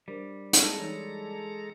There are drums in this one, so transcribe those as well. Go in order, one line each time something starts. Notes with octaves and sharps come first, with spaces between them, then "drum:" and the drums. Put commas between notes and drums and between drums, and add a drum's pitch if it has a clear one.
G3 D4 A#4 C5
drum: hi-hat
G#3 A4 A5 A#5
E3 D#4 C#5